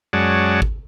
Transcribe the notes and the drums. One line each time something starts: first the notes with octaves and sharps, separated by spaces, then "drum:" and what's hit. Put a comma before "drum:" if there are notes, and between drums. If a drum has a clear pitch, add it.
F#2 G#3 C#5 D5 F#5 A5
drum: kick G#1